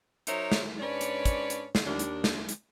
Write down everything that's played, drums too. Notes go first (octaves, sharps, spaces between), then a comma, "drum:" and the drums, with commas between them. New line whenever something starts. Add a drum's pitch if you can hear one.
F#3 D#4 A#4 C5 C#5 E5, drum: hi-hat
drum: snare
G#2 C#4 D4 B4 C#5 D5
drum: hi-hat
drum: kick, hi-hat
drum: hi-hat
drum: snare
D#2 D4
drum: hi-hat
drum: snare
drum: hi-hat